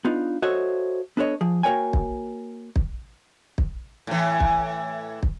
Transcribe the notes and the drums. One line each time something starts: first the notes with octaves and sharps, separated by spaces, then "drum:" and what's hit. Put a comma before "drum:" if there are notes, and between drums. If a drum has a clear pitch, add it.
B3 D4 D#4 F4
F#4 A4 C5 C#5 D#5 E5
B3 D4 A4 A#4 C#5 D#5
F3 G#4
A#3 F#4 A#4 C#5 G5 G#5
drum: kick
drum: kick
drum: kick
A2 E3
drum: kick
drum: kick